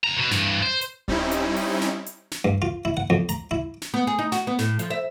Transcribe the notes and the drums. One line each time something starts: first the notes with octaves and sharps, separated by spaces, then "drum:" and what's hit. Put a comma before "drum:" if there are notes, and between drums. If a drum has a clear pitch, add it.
F2 A#5
B2
G2 E3, drum: snare
C5
drum: hi-hat
G3 C4 C#4 D#4 E4, drum: kick D#1
drum: hi-hat
drum: open hi-hat
drum: snare
drum: hi-hat
drum: snare
G2
F4
E4
F#5
F2
A#5, drum: hi-hat
E4
drum: snare
B3
G#4
D#4
F#4, drum: snare
B3
A2, drum: snare
F3, drum: hi-hat
E5